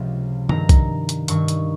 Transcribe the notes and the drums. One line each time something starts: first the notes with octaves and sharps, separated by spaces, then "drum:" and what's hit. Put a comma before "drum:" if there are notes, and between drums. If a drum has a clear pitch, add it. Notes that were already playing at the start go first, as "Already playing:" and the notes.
Already playing: C#2 C3 F3
G2 D#3 A#5, drum: tom
drum: kick B1, hi-hat
drum: hi-hat
G2 D#3 C#6, drum: hi-hat
drum: hi-hat